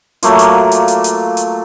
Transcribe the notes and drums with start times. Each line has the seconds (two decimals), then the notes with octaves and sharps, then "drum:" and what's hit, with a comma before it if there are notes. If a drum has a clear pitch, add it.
0.23 F#3 A3 A#3 F4, drum: hi-hat
0.39 drum: hi-hat
0.72 drum: hi-hat
0.88 drum: hi-hat
1.04 drum: hi-hat
1.37 drum: hi-hat